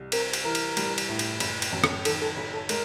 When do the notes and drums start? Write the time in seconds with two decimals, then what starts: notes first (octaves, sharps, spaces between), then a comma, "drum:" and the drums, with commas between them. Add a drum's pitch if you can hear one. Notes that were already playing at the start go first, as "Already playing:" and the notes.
Already playing: C2
0.12 C4 A#4, drum: cymbal
0.33 drum: cymbal
0.44 E3 A#4
0.55 drum: cymbal
0.77 G3, drum: cymbal
0.98 drum: cymbal
1.09 A2
1.19 drum: cymbal
1.40 F#1, drum: cymbal
1.62 drum: cymbal
1.72 F#2
1.84 drum: rim click
2.05 D#3 A4, drum: cymbal
2.21 A4
2.37 F#1
2.53 A4
2.69 G#3 A#4, drum: cymbal